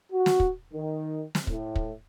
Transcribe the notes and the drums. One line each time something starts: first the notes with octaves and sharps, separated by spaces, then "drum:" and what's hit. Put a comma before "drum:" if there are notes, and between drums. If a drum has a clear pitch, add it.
F#4
drum: snare
drum: kick
D#3
drum: snare
A2, drum: kick
drum: kick